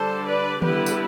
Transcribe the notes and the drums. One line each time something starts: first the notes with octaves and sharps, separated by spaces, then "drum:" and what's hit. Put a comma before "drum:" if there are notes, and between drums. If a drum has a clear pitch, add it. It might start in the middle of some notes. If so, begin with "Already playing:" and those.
Already playing: D3 G3 D4 A4 C5
B4 D5
D3 G3 B3 E4 G4 B4, drum: tom D#3
drum: tambourine